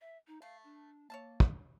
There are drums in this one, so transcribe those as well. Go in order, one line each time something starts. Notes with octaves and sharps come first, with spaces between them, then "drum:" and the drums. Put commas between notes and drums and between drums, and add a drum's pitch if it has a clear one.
E5
D#4
A3 F5
D4
A#3 C#5 E5 A5
drum: kick